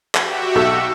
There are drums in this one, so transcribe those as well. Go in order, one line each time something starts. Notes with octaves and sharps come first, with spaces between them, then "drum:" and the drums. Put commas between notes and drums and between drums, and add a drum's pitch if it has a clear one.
F#4 G4 E5, drum: clap
B1 A4 E6